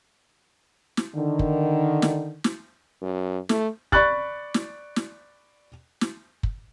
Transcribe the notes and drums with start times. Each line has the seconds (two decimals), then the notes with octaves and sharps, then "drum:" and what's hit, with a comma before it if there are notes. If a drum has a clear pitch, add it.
0.97 drum: snare
1.16 D3 D#3
1.39 drum: kick
2.02 drum: snare
2.44 drum: snare
3.02 F#2
3.49 A3, drum: snare
3.92 D5 B5 C#6 F#6 A6, drum: kick
4.54 drum: snare
4.96 drum: snare
6.01 drum: snare
6.43 drum: kick